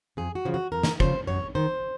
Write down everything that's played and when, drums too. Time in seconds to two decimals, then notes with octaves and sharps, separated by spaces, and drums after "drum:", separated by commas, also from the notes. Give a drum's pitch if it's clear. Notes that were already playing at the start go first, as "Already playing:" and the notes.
0.17 F2 G#4
0.35 F#4
0.45 C#3 F3
0.54 F#4
0.72 F2 A#4
0.83 drum: snare
1.00 C#3 F3 C5, drum: kick
1.27 F#2 C#5
1.55 D#3 C5